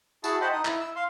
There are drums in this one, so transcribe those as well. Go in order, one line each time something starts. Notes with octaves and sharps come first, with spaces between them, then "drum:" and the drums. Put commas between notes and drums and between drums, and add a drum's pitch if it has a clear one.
E4 F#4 G#4 A5, drum: tambourine
C5 D#5 F#5 G5 A5 B5
D#4 D#6
E4, drum: clap
E6
F5 C6